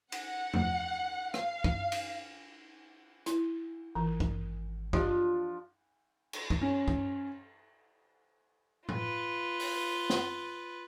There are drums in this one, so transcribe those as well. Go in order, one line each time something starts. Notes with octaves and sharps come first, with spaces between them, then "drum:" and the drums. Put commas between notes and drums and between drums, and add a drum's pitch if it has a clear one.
F#5, drum: cymbal
drum: tom
F5, drum: rim click
drum: kick
drum: cymbal
E4, drum: hi-hat
G#1 E3
drum: kick
F3 D4 F4 G4 D#5, drum: kick
drum: cymbal
drum: kick
C#4
drum: kick
F4 B4, drum: tom A2
drum: open hi-hat
drum: snare